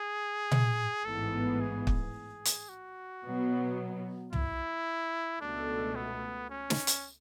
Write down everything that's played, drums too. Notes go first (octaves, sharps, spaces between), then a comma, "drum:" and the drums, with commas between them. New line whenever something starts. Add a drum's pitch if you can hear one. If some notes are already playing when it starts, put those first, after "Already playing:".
Already playing: G#4
drum: tom A#2
A1 G#2 E3 B3 A4
G#4
drum: kick
drum: hi-hat
F#4
B2 F#3 B3
E4, drum: tom
C#2 B2 A3 D4
B3
C#4
drum: snare
drum: hi-hat